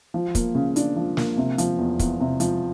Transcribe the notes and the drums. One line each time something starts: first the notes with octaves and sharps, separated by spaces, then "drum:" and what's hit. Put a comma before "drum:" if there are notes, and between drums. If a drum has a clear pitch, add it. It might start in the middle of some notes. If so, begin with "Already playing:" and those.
F3
A#3, drum: kick, hi-hat
C#3
D4, drum: hi-hat
F3
A#3, drum: snare
C3
F3, drum: hi-hat
E2
E2, drum: kick, hi-hat
C3
F3, drum: hi-hat